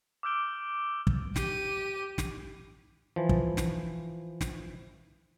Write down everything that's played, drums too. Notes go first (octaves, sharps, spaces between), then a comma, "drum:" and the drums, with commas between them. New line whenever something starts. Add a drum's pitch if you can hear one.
D6 E6 F6 G6 D7 G7
drum: kick
G4 D#7, drum: snare
drum: snare
E3 F3
drum: kick
drum: snare
drum: snare